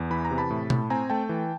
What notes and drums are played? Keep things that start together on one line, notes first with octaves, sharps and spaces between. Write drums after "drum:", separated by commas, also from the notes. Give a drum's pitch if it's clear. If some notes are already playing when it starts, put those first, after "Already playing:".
Already playing: E2
E3 B5
A#5
C3
A5 B5
A2
A2, drum: tom B2
C4 G#5 A#5
A3 G5 A5
E3